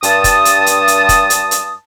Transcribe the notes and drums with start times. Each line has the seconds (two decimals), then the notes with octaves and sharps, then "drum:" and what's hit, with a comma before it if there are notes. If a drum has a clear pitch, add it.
0.03 G2 A5 D#6, drum: hi-hat
0.24 drum: kick, hi-hat
0.45 drum: hi-hat
0.66 drum: hi-hat
0.88 drum: hi-hat
1.09 drum: kick, hi-hat
1.30 drum: hi-hat
1.51 drum: hi-hat